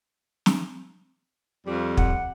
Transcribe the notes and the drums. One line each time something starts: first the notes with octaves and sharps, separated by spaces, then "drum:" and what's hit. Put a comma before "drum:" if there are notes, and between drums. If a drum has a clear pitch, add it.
drum: snare
F2 G3
F#5, drum: kick